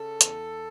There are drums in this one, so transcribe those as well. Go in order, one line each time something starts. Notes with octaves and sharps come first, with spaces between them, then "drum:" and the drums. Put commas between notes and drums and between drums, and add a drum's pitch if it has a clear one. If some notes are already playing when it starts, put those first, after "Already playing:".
Already playing: C#3 A4
E2, drum: hi-hat